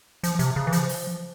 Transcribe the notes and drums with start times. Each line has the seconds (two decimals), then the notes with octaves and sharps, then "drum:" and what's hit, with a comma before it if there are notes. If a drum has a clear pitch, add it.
0.23 F3, drum: hi-hat
0.39 C3, drum: hi-hat
0.56 C#3
0.67 E3
0.72 F3, drum: hi-hat
0.89 drum: open hi-hat